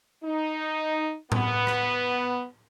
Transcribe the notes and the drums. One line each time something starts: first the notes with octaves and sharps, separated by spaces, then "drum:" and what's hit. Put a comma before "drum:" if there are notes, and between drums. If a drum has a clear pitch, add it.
D#4
B3, drum: tom A2
drum: rim click